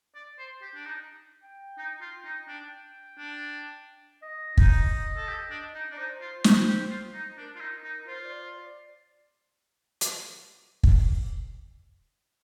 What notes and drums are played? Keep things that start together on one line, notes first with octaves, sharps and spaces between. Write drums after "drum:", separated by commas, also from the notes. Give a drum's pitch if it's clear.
D5
C5
G4
D4
D#4
G5
D#4
F4
D#4
D4 G5
D4
D#5
D#4, drum: kick
A4
G4
D4
D#4
D4 D5
D#4 C5
F4
G4, drum: snare
G4
F4
D#4
D4 A#4
F4
D#4
D#4
F4 C5
C5
D5
C5
D5
drum: hi-hat
drum: kick